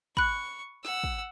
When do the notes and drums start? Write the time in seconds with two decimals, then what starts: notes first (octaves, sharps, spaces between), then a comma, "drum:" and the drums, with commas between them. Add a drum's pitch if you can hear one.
0.17 B5 C#6 F#6, drum: kick
0.85 F#5 E6, drum: snare
1.04 drum: kick